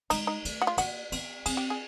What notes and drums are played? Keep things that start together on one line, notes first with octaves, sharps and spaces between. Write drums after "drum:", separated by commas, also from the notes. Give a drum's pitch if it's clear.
G#3 D#4, drum: cymbal
D#4
A3, drum: cymbal
F#4
F4
A#3 F#4, drum: cymbal
B3, drum: cymbal
C4 G#4, drum: cymbal
G4
G#4